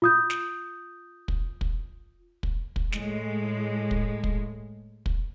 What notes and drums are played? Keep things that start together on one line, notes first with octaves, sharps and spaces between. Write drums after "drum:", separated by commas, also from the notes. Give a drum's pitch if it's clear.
F4 D#6 G6
drum: snare
drum: kick
drum: kick
drum: kick
drum: kick
A2 G#3, drum: snare
drum: kick
drum: kick
drum: kick